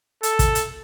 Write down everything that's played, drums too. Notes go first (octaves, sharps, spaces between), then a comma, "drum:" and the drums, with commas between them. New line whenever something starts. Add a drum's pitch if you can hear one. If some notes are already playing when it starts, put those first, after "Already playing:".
A4, drum: hi-hat
drum: kick, hi-hat
drum: hi-hat